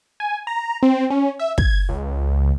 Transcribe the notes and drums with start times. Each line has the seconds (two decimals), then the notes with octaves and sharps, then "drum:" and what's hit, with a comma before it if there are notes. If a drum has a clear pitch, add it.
0.20 G#5
0.47 A#5
0.83 C4
1.10 C#4
1.39 E5
1.58 G#6, drum: kick
1.89 C#2